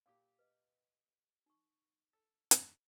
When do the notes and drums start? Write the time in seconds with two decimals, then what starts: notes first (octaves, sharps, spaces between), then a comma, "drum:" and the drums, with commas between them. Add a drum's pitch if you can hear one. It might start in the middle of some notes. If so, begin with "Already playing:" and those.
0.06 A#2 G4 F5 D6
0.39 B4 D#5
1.46 D#4 C#6
2.13 A4
2.51 drum: hi-hat